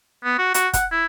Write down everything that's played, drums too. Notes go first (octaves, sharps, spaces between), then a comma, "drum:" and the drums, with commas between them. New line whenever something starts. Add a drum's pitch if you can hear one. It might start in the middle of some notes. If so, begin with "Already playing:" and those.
B3
F#4
F#4, drum: hi-hat
F#5, drum: kick, hi-hat
E4